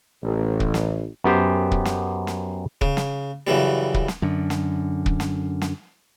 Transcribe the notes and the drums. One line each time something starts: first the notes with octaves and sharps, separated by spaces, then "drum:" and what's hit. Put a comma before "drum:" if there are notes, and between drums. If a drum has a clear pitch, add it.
A1
drum: kick
drum: snare
F#2 B3 G4 C5 G5
drum: kick
drum: snare
drum: snare
C#3, drum: kick
drum: snare
F#2 C#3 E3 G3
drum: kick
drum: snare
F#2 D3
drum: snare
drum: kick
drum: snare
drum: snare